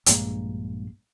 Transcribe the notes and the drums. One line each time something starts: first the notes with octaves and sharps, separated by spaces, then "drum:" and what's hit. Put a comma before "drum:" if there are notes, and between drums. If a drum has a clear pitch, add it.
A#1 G2 G#3 A#3, drum: hi-hat